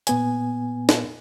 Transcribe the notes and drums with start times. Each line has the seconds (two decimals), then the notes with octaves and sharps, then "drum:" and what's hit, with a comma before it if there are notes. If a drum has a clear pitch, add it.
0.07 A#2 B3 G#5, drum: hi-hat
0.89 drum: snare